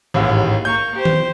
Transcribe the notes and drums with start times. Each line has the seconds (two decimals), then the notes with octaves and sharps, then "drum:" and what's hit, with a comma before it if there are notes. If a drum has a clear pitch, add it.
0.14 A1 D#2 G#2
0.65 A#3 C#6 G6
0.95 G4 C5
1.05 drum: tom